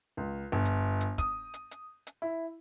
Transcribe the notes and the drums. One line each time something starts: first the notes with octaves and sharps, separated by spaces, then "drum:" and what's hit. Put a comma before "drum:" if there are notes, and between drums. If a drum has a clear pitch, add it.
C#2
G1
drum: hi-hat
drum: hi-hat
D#6, drum: kick, hi-hat
drum: hi-hat
drum: hi-hat
drum: hi-hat
E4